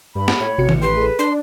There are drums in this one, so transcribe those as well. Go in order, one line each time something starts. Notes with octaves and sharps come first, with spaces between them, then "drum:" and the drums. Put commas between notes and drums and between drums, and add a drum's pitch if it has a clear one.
G2 B5
drum: snare
A2 C#5
A1 C3 F#4 C#7
drum: tom D#3
G4 B4 G5 C6
G#4 A4
D4 C6